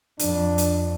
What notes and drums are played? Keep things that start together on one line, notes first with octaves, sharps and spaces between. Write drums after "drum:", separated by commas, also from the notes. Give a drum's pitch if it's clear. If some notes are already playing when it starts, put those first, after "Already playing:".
F2 D4, drum: hi-hat
drum: hi-hat